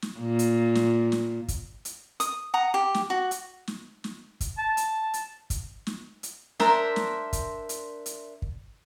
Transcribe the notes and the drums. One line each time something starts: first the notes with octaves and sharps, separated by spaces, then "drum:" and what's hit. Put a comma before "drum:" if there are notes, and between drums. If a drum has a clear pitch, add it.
drum: snare
A#2
drum: hi-hat
drum: snare
drum: snare
drum: kick, hi-hat
drum: hi-hat
D#6, drum: hi-hat
F#5 A#5 D#6
G4
drum: snare
F#4
drum: hi-hat
drum: snare
drum: snare
drum: kick, hi-hat
A5
drum: hi-hat
drum: hi-hat
drum: kick, hi-hat
drum: snare
drum: hi-hat
D4 A#4 C5 E5, drum: snare
drum: snare
drum: kick, hi-hat
drum: hi-hat
drum: hi-hat
drum: kick